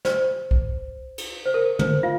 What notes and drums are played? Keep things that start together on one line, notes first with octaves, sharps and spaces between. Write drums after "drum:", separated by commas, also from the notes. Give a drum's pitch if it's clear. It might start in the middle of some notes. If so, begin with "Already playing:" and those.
C5, drum: snare
drum: kick
drum: cymbal
C5
A#4
C5, drum: tom
F4 F5